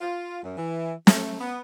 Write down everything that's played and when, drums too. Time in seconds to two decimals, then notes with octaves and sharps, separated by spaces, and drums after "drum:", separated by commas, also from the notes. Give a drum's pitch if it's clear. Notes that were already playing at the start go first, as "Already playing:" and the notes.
0.01 F4
0.43 F#2
0.57 E3
1.07 A3, drum: snare
1.40 B3